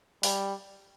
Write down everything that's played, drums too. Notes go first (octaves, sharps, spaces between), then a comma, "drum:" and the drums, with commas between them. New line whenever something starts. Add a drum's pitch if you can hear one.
G3, drum: open hi-hat